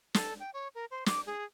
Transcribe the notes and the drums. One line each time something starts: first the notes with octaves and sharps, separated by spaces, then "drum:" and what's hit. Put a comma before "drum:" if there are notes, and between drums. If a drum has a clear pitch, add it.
A4, drum: snare
G5
C#5
A#4
C5
D6, drum: snare
G#4